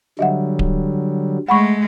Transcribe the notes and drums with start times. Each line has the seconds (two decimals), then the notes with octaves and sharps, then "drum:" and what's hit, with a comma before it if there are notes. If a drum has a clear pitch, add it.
0.19 D3 F#3 G3 D#5 E5 F#5
0.59 drum: kick D1
1.49 G#3 A3 F#5 B5 C#6